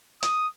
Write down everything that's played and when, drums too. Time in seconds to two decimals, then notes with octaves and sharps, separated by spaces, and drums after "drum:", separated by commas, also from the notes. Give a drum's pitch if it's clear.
0.23 D#6, drum: hi-hat